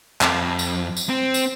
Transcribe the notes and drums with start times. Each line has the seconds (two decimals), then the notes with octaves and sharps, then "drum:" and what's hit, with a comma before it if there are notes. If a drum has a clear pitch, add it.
0.21 F2, drum: clap
0.59 drum: tambourine
0.97 drum: tambourine
1.09 C4
1.34 drum: tambourine